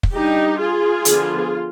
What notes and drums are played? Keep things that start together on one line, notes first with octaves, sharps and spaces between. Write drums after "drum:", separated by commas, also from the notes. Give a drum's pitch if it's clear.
drum: kick
G3 D4 D#4 G4
F4 G#4
D3 F3 B3 D4, drum: hi-hat